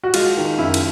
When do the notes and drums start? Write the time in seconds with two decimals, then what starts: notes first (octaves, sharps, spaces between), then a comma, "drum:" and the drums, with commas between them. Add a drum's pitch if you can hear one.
0.04 F#4
0.14 G#3 F4, drum: cymbal
0.37 D#3
0.58 F#2 E4
0.74 drum: cymbal